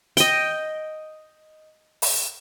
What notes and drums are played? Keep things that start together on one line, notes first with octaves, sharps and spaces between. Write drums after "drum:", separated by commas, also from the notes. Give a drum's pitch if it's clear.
D#5 G5, drum: hi-hat
drum: open hi-hat